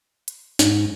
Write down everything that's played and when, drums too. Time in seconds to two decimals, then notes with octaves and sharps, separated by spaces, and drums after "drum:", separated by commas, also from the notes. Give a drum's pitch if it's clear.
0.28 drum: hi-hat
0.59 G#2, drum: snare